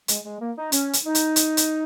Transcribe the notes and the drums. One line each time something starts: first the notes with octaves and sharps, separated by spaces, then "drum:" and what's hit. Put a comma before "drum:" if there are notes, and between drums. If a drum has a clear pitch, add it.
G#3, drum: hi-hat
G#3
A#3
D#4
C#4, drum: hi-hat
drum: hi-hat
D#4
drum: hi-hat
drum: hi-hat
drum: hi-hat